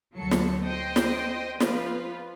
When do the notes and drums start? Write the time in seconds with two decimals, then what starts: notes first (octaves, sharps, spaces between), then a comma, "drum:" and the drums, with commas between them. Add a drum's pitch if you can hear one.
0.14 D2 F#3 A4 C#7
0.31 drum: snare
0.63 C5 D#5 G5 C6
0.96 drum: snare
1.60 F3 F4 B4, drum: snare